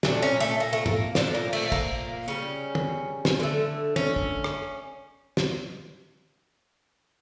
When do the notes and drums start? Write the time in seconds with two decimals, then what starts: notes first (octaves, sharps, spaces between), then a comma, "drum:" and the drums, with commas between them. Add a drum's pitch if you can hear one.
0.03 A#2 A3 D4, drum: snare
0.22 C#4
0.40 A3
0.60 A#3
0.73 A3
0.86 A#3, drum: tom
1.15 A#2 F3 A3 D4, drum: snare
1.35 A#3
1.53 A3, drum: cymbal
1.72 A#3, drum: kick
2.28 C#3 G3 C#4
2.75 drum: tom
3.25 drum: snare
3.40 D3 A3
3.96 C#4, drum: tom
4.16 drum: kick
4.44 drum: rim click
5.37 drum: snare